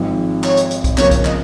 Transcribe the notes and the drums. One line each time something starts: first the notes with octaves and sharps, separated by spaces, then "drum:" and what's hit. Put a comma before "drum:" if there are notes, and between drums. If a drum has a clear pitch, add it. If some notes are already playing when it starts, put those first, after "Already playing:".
Already playing: G#1 G#2 F3
C#5, drum: clap
drum: hi-hat
drum: hi-hat
drum: kick, hi-hat
C#3 F3 A#3 C#5, drum: clap
drum: kick, hi-hat
D#5, drum: clap